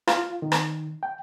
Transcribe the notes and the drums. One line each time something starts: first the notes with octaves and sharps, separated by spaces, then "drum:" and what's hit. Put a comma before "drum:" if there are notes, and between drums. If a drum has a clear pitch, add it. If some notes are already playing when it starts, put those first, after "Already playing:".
F4, drum: rim click
D#3
drum: rim click
G5